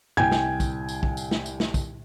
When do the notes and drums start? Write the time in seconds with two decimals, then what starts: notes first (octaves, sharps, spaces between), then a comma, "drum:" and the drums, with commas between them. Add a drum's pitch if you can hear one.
0.17 C2 G5 G#5 G#6, drum: tom G2
0.31 drum: snare
0.60 drum: kick, tambourine
0.89 drum: tambourine
1.03 drum: kick
1.17 drum: tambourine
1.31 drum: snare
1.46 drum: tambourine
1.60 drum: snare
1.74 drum: kick, tambourine